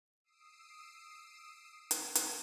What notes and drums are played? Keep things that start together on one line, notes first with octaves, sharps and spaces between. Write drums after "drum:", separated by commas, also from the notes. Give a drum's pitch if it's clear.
D#6 E6 C7 D7 E7
drum: hi-hat
drum: hi-hat